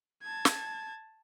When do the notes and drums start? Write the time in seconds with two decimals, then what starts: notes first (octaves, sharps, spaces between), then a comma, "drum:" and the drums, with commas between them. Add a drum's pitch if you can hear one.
0.23 A5 G#6
0.45 drum: snare